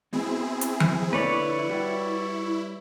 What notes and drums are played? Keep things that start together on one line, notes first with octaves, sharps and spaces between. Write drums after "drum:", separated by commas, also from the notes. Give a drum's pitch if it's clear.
F#3 G#3 B3 C4 E4 G#4
drum: hi-hat
drum: tom F3
D3 F3 A#3 E4 B4 C#5 D5
G3 F#4 G5